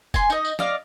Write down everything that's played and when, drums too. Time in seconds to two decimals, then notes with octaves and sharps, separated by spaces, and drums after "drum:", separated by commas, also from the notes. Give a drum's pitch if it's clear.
0.14 G#5 C6, drum: kick, tambourine
0.30 D#4 D#5, drum: tambourine
0.45 drum: tambourine
0.59 D5 D#5 F5, drum: snare